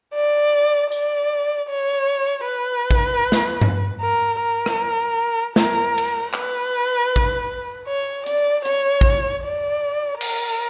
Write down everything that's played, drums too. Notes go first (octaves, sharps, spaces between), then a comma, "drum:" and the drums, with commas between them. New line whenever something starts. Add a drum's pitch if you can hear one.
D5
D5, drum: tambourine
C#5
B4
drum: kick
drum: snare
drum: tom G2
A#4
A#4
drum: rim click
A#4, drum: snare
drum: cymbal
B4, drum: clap
drum: kick
C#5
D5, drum: hi-hat
C#5, drum: hi-hat
drum: kick
D5
A#4, drum: cymbal